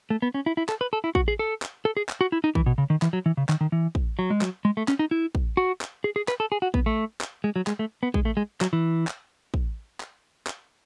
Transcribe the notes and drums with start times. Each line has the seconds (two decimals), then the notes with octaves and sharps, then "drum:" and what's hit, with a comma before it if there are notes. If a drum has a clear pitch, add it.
0.10 A3
0.22 B3
0.34 C#4
0.46 E4
0.57 E4
0.69 A4, drum: clap
0.81 B4
0.93 A4
1.04 E4
1.15 F#4, drum: kick
1.28 G#4
1.39 A4
1.62 drum: clap
1.85 A4
1.97 G#4
2.09 drum: clap
2.21 F#4
2.32 E4
2.44 D#4
2.55 E3, drum: kick
2.66 B2
2.78 C#3
2.90 D#3
3.02 E3, drum: clap
3.13 F#3
3.26 E3
3.37 C#3
3.49 D#3, drum: clap
3.61 D#3
3.72 E3
3.95 drum: kick
4.19 F#3
4.30 G#3
4.41 F#3, drum: clap
4.65 G#3
4.77 A3
4.88 C#4, drum: clap
4.99 D#4
5.11 E4
5.35 drum: kick
5.57 F#4
5.81 drum: clap
6.04 G#4
6.16 G#4
6.28 B4, drum: clap
6.40 A4
6.52 G#4
6.62 F#4
6.74 B3, drum: kick
6.86 A3
7.21 drum: clap
7.44 G#3
7.56 F#3
7.67 G#3, drum: clap
7.79 A3
8.03 B3
8.14 G#3, drum: kick
8.25 A3
8.37 G#3
8.61 F#3, drum: clap
8.73 E3
9.07 drum: clap
9.54 drum: kick
10.00 drum: clap
10.47 drum: clap